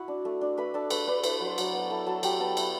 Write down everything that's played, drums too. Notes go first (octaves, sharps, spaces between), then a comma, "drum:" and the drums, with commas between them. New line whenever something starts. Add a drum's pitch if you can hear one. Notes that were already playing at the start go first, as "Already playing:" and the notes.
Already playing: E4 F#4 F#5
D4
A3
D4
A3 B4 B5
D4 A4 A5
A3 B4 B5, drum: cymbal
D4 B4 B5
E4 B4 B5, drum: cymbal
F#3
C5 C6
F#3, drum: cymbal
B3
E4 A4 A5
F#3 A4 A5
F#3 G4 G5, drum: cymbal
B3 A4 A5
E4, drum: cymbal